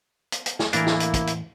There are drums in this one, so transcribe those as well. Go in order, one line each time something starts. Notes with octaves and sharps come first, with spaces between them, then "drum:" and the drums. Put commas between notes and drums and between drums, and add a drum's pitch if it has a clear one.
drum: hi-hat
drum: hi-hat
drum: snare
A2 E3 A#3 D4 E4 A#4 G#5, drum: hi-hat
drum: snare
drum: hi-hat
drum: kick, hi-hat
drum: hi-hat